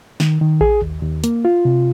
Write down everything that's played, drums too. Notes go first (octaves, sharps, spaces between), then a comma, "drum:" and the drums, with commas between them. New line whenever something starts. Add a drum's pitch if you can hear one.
D#3, drum: snare
D#3
G#4, drum: kick A1
D#2
D#2
A#3, drum: hi-hat
F4
C3